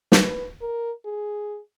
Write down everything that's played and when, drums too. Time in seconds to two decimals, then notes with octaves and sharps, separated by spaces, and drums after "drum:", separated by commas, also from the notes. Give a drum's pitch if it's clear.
0.12 B4, drum: snare
0.61 A#4
1.05 G#4